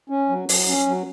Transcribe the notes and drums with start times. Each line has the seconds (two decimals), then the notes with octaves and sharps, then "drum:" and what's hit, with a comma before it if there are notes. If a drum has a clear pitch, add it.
0.10 C#4
0.29 F#3
0.49 F#3, drum: open hi-hat
0.68 C#4
0.87 F#3